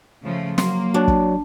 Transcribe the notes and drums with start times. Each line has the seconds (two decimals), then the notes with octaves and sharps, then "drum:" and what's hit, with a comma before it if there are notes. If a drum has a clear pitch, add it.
0.23 C#3 F3 A3
0.58 F#3 A#3 C6, drum: snare
0.94 D4 F#4 C#5 D5
1.08 drum: kick